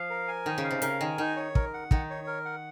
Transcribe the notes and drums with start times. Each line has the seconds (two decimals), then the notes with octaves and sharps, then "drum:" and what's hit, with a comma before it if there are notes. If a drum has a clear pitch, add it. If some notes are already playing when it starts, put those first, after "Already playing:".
Already playing: F3 F5
0.10 A#4
0.28 G#5
0.46 D#3 D#4
0.58 C#3
0.64 F5
0.71 C3
0.82 C#3 A#4, drum: hi-hat
1.00 D#3 G#5
1.18 D#3 D#4
1.36 C#5
1.55 A#4, drum: kick
1.74 F#5
1.91 D#3 D#4, drum: kick
2.10 C#5
2.27 A#4
2.45 F#5